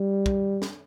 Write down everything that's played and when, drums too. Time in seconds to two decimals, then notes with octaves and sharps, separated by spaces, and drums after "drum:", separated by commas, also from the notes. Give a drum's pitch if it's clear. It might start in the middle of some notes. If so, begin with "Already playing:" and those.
Already playing: G3
0.26 drum: kick
0.62 drum: snare